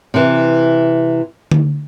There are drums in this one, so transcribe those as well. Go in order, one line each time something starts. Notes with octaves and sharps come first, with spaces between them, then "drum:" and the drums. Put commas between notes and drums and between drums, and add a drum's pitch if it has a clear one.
C3 E3
drum: tom D3